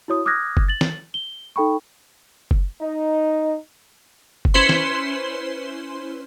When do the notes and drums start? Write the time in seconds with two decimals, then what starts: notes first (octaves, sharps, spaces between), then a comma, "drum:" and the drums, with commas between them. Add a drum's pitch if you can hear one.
0.08 E4 F#4 C#5 D#6
0.26 D6 D#6 F6 F#6 G#6 A#6
0.57 drum: kick F#1
0.68 A6 F#7
0.81 drum: snare
1.14 G7
1.56 D#4 A4 G5 B5 C#6
2.51 drum: kick F#1
2.81 D#4
4.45 drum: kick F#1
4.54 C#4 E4 B4 C5 C6
4.69 drum: snare